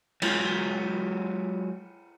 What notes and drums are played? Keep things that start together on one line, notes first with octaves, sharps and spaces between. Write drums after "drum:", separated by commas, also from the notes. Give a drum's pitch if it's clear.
F#3 G#3 F4, drum: cymbal